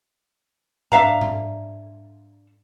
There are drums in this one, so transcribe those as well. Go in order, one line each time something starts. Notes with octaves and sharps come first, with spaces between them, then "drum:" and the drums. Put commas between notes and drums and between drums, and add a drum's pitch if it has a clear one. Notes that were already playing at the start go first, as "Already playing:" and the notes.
D4 E5 F5 A#5, drum: tom G#2
drum: tom G#2